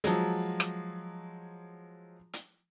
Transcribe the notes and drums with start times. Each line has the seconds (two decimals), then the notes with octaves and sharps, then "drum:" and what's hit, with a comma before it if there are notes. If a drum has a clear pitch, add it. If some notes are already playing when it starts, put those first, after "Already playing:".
0.04 F3 F#3 G#3, drum: hi-hat
0.60 drum: rim click
2.33 drum: hi-hat